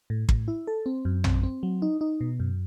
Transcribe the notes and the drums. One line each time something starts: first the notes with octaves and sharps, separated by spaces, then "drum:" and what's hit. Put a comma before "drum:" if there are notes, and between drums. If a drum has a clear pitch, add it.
A2
A2, drum: kick
E4
A4
C4
F#2
C4, drum: tom
C4
F#3
D#4
D#4
B2
F#2